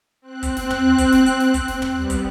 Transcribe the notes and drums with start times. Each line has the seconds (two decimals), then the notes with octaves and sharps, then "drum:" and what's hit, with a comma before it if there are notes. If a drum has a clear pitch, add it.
0.22 C4 F#6
0.43 drum: kick, hi-hat
0.56 drum: snare
0.70 drum: tom
0.98 drum: kick, hi-hat
1.12 drum: snare
1.26 drum: hi-hat
1.40 drum: snare
1.54 drum: kick, hi-hat
1.68 drum: snare
1.82 drum: tom
1.96 G3 B3
2.10 drum: kick, hi-hat